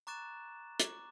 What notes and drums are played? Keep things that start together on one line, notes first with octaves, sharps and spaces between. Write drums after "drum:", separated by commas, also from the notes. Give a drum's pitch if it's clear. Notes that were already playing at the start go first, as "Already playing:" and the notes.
A#5 C#6 D6 F#6 A6 E7
D6, drum: hi-hat